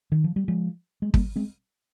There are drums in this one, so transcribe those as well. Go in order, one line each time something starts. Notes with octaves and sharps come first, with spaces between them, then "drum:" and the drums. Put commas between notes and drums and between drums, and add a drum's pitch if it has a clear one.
D#3
F3
G3
F3 G#3
G#3
G3 A#3, drum: kick
G#3 C4